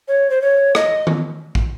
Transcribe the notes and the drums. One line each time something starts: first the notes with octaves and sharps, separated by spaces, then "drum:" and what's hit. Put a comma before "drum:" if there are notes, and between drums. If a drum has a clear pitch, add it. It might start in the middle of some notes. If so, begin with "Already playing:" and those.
C#5
C5
C#5
D#5, drum: rim click
drum: tom D#3
drum: kick